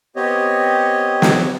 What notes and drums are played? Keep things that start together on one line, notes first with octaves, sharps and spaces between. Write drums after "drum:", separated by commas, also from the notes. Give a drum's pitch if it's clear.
B3 C4 G4 C#5 D#5
drum: snare